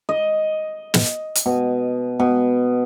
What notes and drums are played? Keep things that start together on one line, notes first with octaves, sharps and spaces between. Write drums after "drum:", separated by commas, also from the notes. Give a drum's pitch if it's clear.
D#5
drum: snare
drum: hi-hat
B2
B2